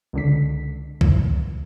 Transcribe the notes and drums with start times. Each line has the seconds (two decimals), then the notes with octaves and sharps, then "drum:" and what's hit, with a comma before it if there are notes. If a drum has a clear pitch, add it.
0.13 C#2 D3 B6
1.01 drum: kick C2